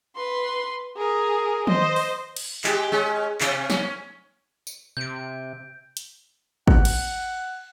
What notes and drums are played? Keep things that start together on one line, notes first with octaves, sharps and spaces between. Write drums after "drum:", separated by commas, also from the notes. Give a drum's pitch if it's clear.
B4 C6
G#4 A#4
C5 D#5, drum: tom D#3
drum: open hi-hat
drum: cymbal
G#3 G4, drum: clap
G#3 C#4
C3 C#4, drum: clap
C#4, drum: snare
drum: tambourine
C3 G6 D7
drum: hi-hat
F#5, drum: kick
drum: cymbal